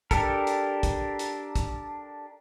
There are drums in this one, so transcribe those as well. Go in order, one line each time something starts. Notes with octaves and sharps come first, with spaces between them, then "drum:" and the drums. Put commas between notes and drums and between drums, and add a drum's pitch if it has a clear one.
D4 G4 A4 A#4, drum: kick, hi-hat
drum: hi-hat
drum: kick, hi-hat
drum: hi-hat
drum: kick, hi-hat